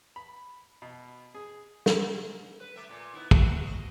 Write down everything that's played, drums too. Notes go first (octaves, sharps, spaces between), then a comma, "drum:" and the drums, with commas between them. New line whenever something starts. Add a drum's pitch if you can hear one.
B5
B2
G#4
drum: snare
B4
A3 E5
A#2 A3
B3 D#4 E4
F#4, drum: kick
D#5